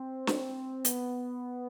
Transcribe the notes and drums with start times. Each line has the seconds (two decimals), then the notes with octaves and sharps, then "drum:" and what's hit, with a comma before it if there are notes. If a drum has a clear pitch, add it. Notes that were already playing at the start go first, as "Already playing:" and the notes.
Already playing: C4
0.27 drum: snare
0.85 B3, drum: hi-hat